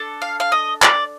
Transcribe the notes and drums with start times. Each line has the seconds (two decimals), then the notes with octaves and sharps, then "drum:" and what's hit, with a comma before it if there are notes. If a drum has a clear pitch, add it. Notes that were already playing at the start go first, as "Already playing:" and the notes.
Already playing: D4 A4
0.22 F5
0.40 F5
0.52 D#5
0.82 D5, drum: clap